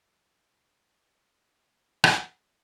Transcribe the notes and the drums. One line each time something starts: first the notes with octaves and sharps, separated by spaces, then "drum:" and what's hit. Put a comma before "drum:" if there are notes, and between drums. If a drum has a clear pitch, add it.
C3 C#4 D#4 A4 G#5
drum: rim click